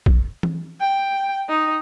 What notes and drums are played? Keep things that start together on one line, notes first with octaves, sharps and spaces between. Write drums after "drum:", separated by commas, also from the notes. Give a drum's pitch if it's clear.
drum: kick
drum: tom E3
G5
D#4